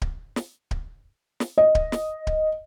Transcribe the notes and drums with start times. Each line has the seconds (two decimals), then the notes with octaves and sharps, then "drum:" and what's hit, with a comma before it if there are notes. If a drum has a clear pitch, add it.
0.02 drum: kick D1
0.36 drum: snare
0.71 drum: kick D1
1.40 drum: snare
1.58 D#5
1.75 drum: kick D1
1.92 drum: snare
2.27 drum: kick D1